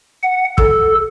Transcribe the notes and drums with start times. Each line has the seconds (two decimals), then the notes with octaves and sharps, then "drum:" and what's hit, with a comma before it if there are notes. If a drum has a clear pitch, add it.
0.23 F#5
0.58 A4, drum: kick